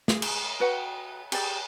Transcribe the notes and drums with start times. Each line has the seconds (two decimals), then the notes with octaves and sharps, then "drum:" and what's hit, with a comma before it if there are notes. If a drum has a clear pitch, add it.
0.08 G#4, drum: snare
0.22 drum: cymbal
0.60 F#4 B4 F#5 G5
1.32 G4 G#4 D5, drum: cymbal